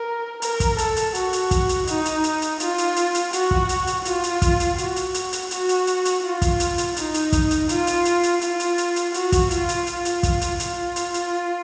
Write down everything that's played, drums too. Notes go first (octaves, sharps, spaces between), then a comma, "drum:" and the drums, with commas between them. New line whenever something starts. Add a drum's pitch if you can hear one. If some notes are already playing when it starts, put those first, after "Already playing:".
Already playing: A#4
A#4, drum: hi-hat
drum: kick, hi-hat
A4, drum: hi-hat
drum: hi-hat
F#4, drum: hi-hat
drum: hi-hat
drum: kick, hi-hat
drum: hi-hat
D#4, drum: hi-hat
drum: hi-hat
drum: hi-hat
drum: hi-hat
F4, drum: hi-hat
drum: hi-hat
drum: hi-hat
drum: hi-hat
F#4, drum: hi-hat
drum: kick
drum: hi-hat
drum: hi-hat
F4, drum: hi-hat
drum: hi-hat
drum: kick, hi-hat
drum: hi-hat
F#4, drum: hi-hat
drum: hi-hat
drum: hi-hat
drum: hi-hat
F#4, drum: hi-hat
drum: hi-hat
drum: hi-hat
drum: hi-hat
F4
drum: kick, hi-hat
drum: hi-hat
drum: hi-hat
D#4, drum: hi-hat
drum: hi-hat
drum: kick, hi-hat
drum: hi-hat
F4, drum: hi-hat
drum: hi-hat
drum: hi-hat
drum: hi-hat
F4, drum: hi-hat
drum: hi-hat
drum: hi-hat
drum: hi-hat
F#4, drum: hi-hat
drum: kick, hi-hat
F4, drum: hi-hat
drum: hi-hat
F4, drum: hi-hat
drum: hi-hat
drum: kick, hi-hat
drum: hi-hat
F4, drum: hi-hat
drum: hi-hat
drum: hi-hat